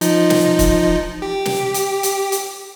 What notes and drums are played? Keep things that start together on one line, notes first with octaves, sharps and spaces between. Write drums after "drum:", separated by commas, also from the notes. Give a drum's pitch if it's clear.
F3 D#4, drum: hi-hat
drum: snare
drum: kick, hi-hat
G4
drum: snare
drum: hi-hat
drum: hi-hat
drum: hi-hat